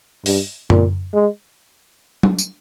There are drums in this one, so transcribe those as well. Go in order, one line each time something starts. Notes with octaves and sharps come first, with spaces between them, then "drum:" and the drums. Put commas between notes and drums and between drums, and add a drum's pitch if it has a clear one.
G2, drum: open hi-hat
A#2, drum: tom F#2
G#3
drum: tom
drum: tambourine